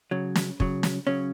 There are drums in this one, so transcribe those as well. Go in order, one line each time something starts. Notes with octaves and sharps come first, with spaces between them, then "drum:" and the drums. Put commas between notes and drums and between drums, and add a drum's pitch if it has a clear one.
C#3 F#3
drum: snare
C#3 F#3, drum: kick
drum: snare
C#3 F#3 C#4